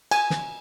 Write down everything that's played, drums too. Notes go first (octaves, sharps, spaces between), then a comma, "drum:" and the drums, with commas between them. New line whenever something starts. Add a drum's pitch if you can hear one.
G#5, drum: cymbal
drum: snare